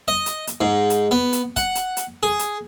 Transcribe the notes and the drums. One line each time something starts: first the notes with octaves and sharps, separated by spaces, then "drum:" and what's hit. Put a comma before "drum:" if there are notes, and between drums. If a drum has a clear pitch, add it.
D#5
drum: hi-hat
drum: hi-hat
G#2
drum: hi-hat
B3
drum: hi-hat
F#5, drum: kick, hi-hat
drum: hi-hat
drum: hi-hat
G#4
drum: hi-hat